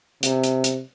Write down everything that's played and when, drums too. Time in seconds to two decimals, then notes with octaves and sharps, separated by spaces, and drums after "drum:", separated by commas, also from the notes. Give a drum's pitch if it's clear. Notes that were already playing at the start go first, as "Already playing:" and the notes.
0.23 C3, drum: hi-hat
0.44 drum: hi-hat
0.64 drum: hi-hat